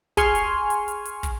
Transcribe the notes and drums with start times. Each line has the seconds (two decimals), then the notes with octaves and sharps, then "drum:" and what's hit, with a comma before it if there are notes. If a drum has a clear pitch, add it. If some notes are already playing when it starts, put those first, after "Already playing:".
0.17 G#4 G#5 C6 C#6 F6, drum: kick, hi-hat
0.35 drum: hi-hat
0.70 drum: hi-hat
0.88 drum: hi-hat
1.05 drum: hi-hat
1.23 drum: kick, hi-hat